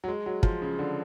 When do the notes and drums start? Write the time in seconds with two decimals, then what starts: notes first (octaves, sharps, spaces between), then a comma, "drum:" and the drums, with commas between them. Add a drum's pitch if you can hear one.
0.04 F#3
0.08 G#3
0.26 F#3
0.43 F3, drum: kick
0.62 C#3
0.79 D3